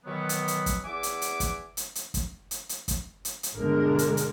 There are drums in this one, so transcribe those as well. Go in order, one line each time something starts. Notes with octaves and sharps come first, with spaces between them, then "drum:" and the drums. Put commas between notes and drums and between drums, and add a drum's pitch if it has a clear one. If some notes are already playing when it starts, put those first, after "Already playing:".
B2 D#3 E3 F#3 B3
drum: hi-hat
drum: hi-hat
drum: kick G1, hi-hat
E2 E5 F#5 G#5 D6
drum: hi-hat
drum: hi-hat
drum: kick G1, hi-hat
drum: hi-hat
drum: hi-hat
drum: kick G1, hi-hat
drum: hi-hat
drum: hi-hat
drum: kick G1, hi-hat
drum: hi-hat
drum: hi-hat
G1 B2 D3 G#3 D4 A#4
drum: hi-hat
drum: hi-hat